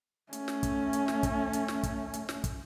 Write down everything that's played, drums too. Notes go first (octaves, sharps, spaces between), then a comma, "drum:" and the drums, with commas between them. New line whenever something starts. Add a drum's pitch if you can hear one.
A3 C#4, drum: hi-hat
drum: snare
drum: kick, hi-hat
drum: hi-hat
drum: snare
drum: kick, hi-hat
drum: hi-hat
drum: snare
drum: kick, hi-hat
drum: hi-hat
drum: snare
drum: kick, hi-hat